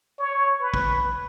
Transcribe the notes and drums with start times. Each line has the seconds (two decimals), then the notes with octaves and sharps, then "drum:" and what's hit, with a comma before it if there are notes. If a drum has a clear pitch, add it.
0.19 C#5
0.61 B4
0.74 drum: kick